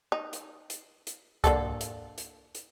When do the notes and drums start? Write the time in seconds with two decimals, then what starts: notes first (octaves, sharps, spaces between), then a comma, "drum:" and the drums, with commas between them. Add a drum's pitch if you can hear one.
0.12 D#4
0.33 drum: hi-hat
0.70 drum: hi-hat
1.07 drum: hi-hat
1.44 D3 A#3 A4, drum: kick C2, hi-hat
1.81 drum: hi-hat
2.18 drum: hi-hat
2.55 drum: hi-hat